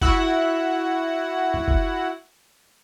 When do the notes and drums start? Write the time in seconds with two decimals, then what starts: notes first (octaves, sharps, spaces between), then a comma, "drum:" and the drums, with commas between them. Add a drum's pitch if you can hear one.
0.01 E4 F#4 F#5, drum: kick F#1
1.54 drum: tom
1.68 drum: kick F#1